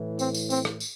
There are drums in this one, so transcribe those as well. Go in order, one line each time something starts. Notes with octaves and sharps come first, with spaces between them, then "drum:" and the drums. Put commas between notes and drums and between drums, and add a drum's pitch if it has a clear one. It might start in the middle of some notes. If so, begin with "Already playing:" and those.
Already playing: A2 E3
C4, drum: tambourine
drum: tambourine
C4, drum: tambourine
drum: rim click
drum: tambourine